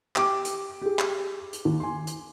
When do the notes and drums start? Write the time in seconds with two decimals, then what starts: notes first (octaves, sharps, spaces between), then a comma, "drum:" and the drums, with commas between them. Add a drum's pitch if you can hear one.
0.16 G4 G5 D6, drum: clap
0.45 drum: hi-hat
0.82 G4 G#4
0.99 drum: clap
1.53 drum: hi-hat
1.65 D#2
1.80 G#5 C6
2.07 drum: hi-hat